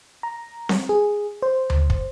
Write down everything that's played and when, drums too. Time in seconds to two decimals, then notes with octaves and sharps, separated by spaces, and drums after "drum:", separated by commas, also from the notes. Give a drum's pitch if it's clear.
0.23 A#5
0.69 drum: snare C4
0.89 G#4
1.42 C5
1.70 drum: tom D2
1.90 drum: kick